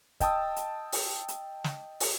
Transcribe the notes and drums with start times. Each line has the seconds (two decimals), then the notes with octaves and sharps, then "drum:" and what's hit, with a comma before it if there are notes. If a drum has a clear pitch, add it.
0.20 D#5 G5 A5 D#6 E6, drum: kick, hi-hat
0.56 drum: hi-hat
0.92 drum: open hi-hat
1.28 drum: hi-hat
1.64 drum: snare
2.00 drum: open hi-hat